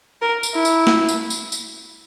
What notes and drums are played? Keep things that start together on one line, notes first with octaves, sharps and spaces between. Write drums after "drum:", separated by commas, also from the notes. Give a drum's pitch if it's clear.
A#4
drum: tambourine
E4
drum: tambourine
drum: snare
drum: tambourine
drum: tambourine
drum: tambourine